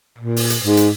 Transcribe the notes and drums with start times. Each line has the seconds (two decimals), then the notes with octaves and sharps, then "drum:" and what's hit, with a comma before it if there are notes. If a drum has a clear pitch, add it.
0.18 A#2
0.36 drum: open hi-hat
0.50 drum: hi-hat
0.64 G#2
0.77 drum: hi-hat